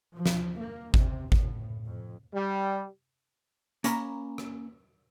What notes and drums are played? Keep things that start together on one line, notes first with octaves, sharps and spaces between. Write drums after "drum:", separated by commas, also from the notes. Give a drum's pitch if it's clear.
F3
drum: snare
A#3
C3, drum: kick G#1
A2, drum: kick G#1
F2
G3
A#3 C#4 A#5 B5, drum: hi-hat
drum: rim click